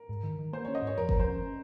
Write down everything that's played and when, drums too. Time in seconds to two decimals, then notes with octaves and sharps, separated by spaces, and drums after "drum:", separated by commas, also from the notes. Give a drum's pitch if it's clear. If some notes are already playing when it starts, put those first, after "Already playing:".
Already playing: A#4
0.09 G#2
0.23 D#3
0.39 D#3
0.53 A#3 C5
0.65 C#5
0.68 C#4
0.75 D#5
0.82 G#2 C#5
0.98 F2 A#4
1.09 A#4, drum: kick G1
1.12 F2
1.20 C5
1.28 C#4
1.42 C#4